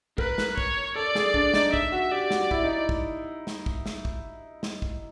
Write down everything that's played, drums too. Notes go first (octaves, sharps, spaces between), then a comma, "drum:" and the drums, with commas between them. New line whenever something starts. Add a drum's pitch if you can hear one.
A#4 B4, drum: kick
drum: snare
C#5, drum: kick
A4 D5
G#4, drum: snare
D4, drum: kick
D#4, drum: snare
E5, drum: kick
F#4
G4 D5
F#4, drum: snare
E4, drum: kick
D#4
drum: kick
drum: snare
drum: kick
drum: snare
drum: kick
drum: snare
drum: kick